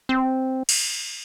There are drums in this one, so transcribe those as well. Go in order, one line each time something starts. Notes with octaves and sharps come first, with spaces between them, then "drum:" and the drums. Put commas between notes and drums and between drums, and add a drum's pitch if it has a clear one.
C4
drum: cymbal